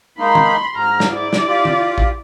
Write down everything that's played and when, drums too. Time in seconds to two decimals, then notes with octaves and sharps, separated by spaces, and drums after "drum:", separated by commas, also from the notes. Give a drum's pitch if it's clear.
0.19 G#3 A#3 D#4 B5 C6
0.35 drum: tom
0.75 G#2 A#5 F6
1.00 drum: snare
1.14 E4 D5
1.33 drum: snare
1.47 F4 G4
1.65 drum: tom
1.98 drum: kick A1